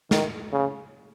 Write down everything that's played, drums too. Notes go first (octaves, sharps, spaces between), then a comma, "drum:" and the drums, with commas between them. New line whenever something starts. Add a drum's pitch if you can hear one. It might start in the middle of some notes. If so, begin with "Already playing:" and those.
D#3, drum: snare
C#3